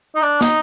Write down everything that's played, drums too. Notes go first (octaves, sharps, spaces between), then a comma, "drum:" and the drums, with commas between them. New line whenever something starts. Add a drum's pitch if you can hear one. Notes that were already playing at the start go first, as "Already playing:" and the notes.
D#4
D4
D#4, drum: snare